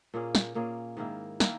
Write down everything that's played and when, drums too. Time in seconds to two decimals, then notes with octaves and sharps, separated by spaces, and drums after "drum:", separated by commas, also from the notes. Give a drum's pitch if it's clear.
0.14 A#2 A#3 C#4 G#4
0.35 drum: snare
0.55 A#2 A#3 C#4 G#4
0.97 G#2 D#3 A#3 E4
1.40 D#3 A#3 E4, drum: snare